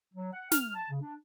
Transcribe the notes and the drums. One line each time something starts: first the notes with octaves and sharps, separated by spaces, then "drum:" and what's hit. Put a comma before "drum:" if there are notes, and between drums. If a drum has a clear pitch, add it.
F#3
F#5
F6, drum: snare
A5
C#3
D4